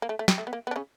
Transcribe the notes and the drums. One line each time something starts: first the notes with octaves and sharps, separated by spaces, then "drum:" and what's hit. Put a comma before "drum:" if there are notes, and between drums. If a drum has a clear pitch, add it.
A#3
A3
A3
G3, drum: snare
A3
B3
A#3
B3
D4
C#3 C#4